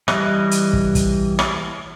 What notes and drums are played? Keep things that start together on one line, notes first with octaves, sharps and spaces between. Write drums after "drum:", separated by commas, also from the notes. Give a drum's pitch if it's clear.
E3 G3 D#5 F#6, drum: rim click
drum: hi-hat
drum: kick
drum: kick, hi-hat
drum: rim click